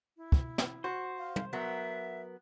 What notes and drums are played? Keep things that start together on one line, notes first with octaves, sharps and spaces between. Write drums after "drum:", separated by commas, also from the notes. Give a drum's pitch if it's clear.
E4
drum: kick
drum: snare
F#4 C5
F5
drum: tom
F#3 B3 A#4 E5